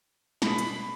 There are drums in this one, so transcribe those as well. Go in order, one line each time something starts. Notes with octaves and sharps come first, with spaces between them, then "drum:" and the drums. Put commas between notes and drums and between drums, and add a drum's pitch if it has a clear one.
B2 G#3 B5, drum: snare
drum: hi-hat